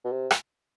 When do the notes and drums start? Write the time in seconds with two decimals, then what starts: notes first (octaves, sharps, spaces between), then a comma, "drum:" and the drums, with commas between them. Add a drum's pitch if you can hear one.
0.05 B2
0.12 C3
0.31 drum: rim click